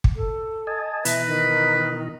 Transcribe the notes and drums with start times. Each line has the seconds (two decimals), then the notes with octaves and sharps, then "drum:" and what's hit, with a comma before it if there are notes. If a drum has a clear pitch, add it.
0.04 drum: kick
0.16 A4
0.67 D#5 G#5 A5
1.05 B2 E3 B4 E5 A#5, drum: hi-hat
1.27 D#3